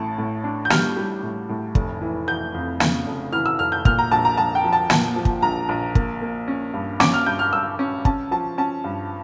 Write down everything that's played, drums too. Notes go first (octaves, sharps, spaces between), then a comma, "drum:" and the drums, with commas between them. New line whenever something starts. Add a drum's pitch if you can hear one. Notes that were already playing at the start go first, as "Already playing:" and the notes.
Already playing: A1 A2 A5
A2
D4
G6
G3 F6, drum: snare
G3
A2
A2
F1, drum: kick
E3
E3 G6
F2
C#3, drum: snare
F1
E3 F6
E6
F1 F6
G6
A#2 F6, drum: kick
A#5
A#1 A5
A#5
A#1 A5
G5
F3
A5
A#2 A5, drum: snare
F3
drum: kick
A#1 A#5
A#1
A#3, drum: kick
A#3
C#4
G2
C#4 D6, drum: snare
F6
G2 G6
F6
G2 E6
C#4
C#4 A5, drum: kick
F3 A5
C#4 A5
G2